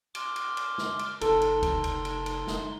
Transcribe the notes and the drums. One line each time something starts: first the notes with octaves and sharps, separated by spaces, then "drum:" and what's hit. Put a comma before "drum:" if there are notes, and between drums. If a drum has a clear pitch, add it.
C6 D6 F6, drum: cymbal
drum: cymbal
drum: cymbal
drum: snare
drum: cymbal
F1 D#4 A4 C6, drum: cymbal
drum: cymbal
drum: kick C#2, cymbal
drum: cymbal
drum: cymbal
drum: cymbal
drum: snare